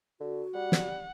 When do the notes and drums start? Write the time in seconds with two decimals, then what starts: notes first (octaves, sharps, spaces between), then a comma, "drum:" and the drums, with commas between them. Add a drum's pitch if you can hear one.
0.20 D3 F#4
0.55 G3 F#5
0.72 drum: snare